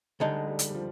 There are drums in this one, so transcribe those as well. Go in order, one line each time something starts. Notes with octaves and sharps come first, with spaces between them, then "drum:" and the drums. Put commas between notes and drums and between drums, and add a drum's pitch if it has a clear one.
D2 D3 G3 G#3 D#4
G3
drum: hi-hat
G3
F3